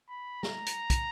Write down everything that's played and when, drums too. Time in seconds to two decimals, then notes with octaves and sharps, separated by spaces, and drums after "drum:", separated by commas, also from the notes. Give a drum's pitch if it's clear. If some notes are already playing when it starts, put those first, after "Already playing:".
0.09 B5
0.43 A#5, drum: snare
0.67 drum: hi-hat
0.90 drum: kick, hi-hat